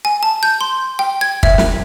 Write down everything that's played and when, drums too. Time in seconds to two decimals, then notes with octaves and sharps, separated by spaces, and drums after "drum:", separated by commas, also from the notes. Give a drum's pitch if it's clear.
0.05 G#5
0.23 A5
0.43 G6
0.61 C6
0.99 G5
1.21 G#6
1.43 E5, drum: kick
1.58 drum: snare